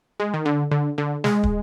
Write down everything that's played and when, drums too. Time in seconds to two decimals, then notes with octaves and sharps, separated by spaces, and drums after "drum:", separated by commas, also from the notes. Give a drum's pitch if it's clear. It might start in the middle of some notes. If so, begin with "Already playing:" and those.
0.20 G#3
0.34 D#3
0.45 D3
0.71 D3
0.98 D3
1.24 G#3, drum: snare
1.43 drum: kick